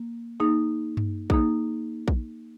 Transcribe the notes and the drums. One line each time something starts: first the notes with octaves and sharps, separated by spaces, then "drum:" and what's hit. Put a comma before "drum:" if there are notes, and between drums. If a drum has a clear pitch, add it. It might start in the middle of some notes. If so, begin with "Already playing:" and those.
Already playing: A#3
A#3 D#4 G#4
drum: tom G2
A#3 D#4 G#4, drum: kick A#1
drum: kick A#1